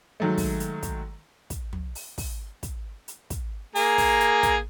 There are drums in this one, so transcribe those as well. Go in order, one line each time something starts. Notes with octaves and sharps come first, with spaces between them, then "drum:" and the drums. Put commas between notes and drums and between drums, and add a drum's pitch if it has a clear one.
D#3 F#3 G#3 A3
drum: kick, open hi-hat
drum: hi-hat
drum: kick, hi-hat
drum: kick, hi-hat
drum: tom
drum: open hi-hat
drum: kick, open hi-hat
drum: kick, hi-hat
drum: hi-hat
drum: kick, hi-hat
A#3 G#4 A#5, drum: open hi-hat
drum: kick, open hi-hat
drum: hi-hat
drum: kick, hi-hat